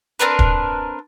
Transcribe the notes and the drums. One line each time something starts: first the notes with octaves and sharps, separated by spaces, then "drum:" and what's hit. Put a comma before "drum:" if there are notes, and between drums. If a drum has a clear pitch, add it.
C4 D4 A#4 B4
drum: kick